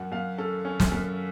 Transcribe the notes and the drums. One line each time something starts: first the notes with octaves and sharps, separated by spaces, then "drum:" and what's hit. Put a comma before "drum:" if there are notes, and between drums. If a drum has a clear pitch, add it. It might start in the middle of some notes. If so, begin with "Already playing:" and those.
Already playing: F#2 F#5
F#2 F5
C#4 A4
C#4
drum: snare
F#2